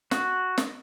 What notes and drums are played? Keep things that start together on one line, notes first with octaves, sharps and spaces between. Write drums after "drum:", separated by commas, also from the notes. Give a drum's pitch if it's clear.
F#4, drum: snare
drum: snare